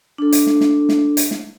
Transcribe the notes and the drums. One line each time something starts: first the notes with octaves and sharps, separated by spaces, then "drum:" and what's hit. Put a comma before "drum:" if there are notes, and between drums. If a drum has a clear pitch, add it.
D4 A4
drum: hi-hat
drum: snare
drum: snare
drum: snare
drum: hi-hat
drum: snare